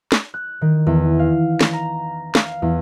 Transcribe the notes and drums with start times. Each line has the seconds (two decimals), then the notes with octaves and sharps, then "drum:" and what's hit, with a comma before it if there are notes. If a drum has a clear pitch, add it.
0.12 drum: snare
0.34 F#6
0.61 D#3
0.86 E2
1.19 F5
1.61 drum: snare
1.73 A#5
2.35 F5, drum: snare
2.62 E2